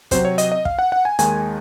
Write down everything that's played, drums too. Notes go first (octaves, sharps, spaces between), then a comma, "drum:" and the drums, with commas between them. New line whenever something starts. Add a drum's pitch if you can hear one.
C3 F#3 C4 C5, drum: kick, hi-hat
C#5
D#5, drum: hi-hat
D#5
F5, drum: kick
F#5
F#5
G#5
D#2 D#3 G#3 D#4 G#5, drum: hi-hat